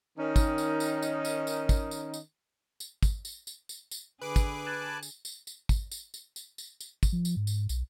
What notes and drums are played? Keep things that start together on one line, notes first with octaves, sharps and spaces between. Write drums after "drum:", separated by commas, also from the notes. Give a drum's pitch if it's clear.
D#3 C#4 D#4
drum: kick, tambourine
drum: tambourine
drum: tambourine
drum: tambourine
drum: tambourine
drum: tambourine
drum: kick, tambourine
drum: tambourine
drum: tambourine
drum: tambourine
drum: kick, tambourine
drum: tambourine
drum: tambourine
drum: tambourine
drum: tambourine
D3 G#4 B4 D6
drum: kick, tambourine
G#5 A5 F#6
drum: tambourine
drum: tambourine
drum: tambourine
drum: kick, tambourine
drum: tambourine
drum: tambourine
drum: tambourine
drum: tambourine
drum: tambourine
drum: kick, tambourine
F3
drum: tambourine
G#2
drum: tambourine
B1, drum: tambourine